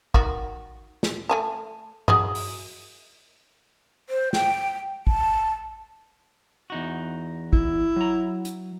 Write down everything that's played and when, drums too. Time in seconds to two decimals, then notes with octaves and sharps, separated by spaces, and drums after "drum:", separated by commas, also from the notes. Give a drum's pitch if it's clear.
0.14 D#3 F#4, drum: kick
1.03 drum: snare
1.29 A3 G#5 A5
2.08 F#3 G#4 D#5, drum: tom G2
2.35 drum: open hi-hat
4.09 C5
4.33 G5, drum: snare
5.07 A5, drum: kick
6.70 E2 D#4 F#4
7.53 E4, drum: kick
7.96 F#3 A#5
8.45 drum: hi-hat